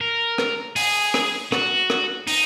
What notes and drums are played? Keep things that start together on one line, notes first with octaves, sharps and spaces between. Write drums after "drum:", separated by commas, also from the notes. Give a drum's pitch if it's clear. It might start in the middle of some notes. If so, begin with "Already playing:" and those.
A#4
drum: rim click
G#4, drum: open hi-hat
drum: rim click
F#4, drum: rim click
drum: rim click
D#4, drum: open hi-hat